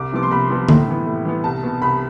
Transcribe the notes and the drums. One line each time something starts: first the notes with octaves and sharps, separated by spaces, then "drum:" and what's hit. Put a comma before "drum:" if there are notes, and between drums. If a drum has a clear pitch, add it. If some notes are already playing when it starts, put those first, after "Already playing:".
Already playing: C2 D6
C3 F3 B3 D6
C6
C2 B5
C3 F3 B3
A2, drum: tom D3
E3 B3
A2
E3 B3
C2 A5
B2 B3
C2 B5